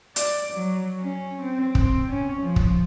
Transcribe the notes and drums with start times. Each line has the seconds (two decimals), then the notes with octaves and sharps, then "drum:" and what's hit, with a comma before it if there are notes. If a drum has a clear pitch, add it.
0.16 D5, drum: hi-hat
0.53 F#3
1.01 C#4
1.42 C4
1.75 C4, drum: kick
2.11 C#4
2.41 F3
2.56 drum: kick